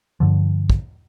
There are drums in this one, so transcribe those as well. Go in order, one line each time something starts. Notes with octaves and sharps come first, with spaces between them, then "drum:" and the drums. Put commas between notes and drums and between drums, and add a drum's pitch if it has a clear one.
G2 D3 F3
drum: kick